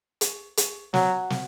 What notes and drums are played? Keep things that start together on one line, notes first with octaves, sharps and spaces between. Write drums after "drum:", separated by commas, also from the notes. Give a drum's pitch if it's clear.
drum: hi-hat
drum: hi-hat
F#3, drum: snare
drum: snare